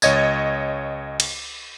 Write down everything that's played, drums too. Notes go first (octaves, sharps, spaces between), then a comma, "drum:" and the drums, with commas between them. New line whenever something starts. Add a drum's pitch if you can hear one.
C#2 C#5 D#5 G#6 A6, drum: tambourine
drum: cymbal